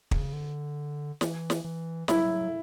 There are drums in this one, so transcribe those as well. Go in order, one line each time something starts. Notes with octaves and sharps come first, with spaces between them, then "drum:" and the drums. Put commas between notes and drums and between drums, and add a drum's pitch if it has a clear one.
C#3, drum: kick
D3
E3, drum: snare
drum: snare
E3
F#3 E4, drum: snare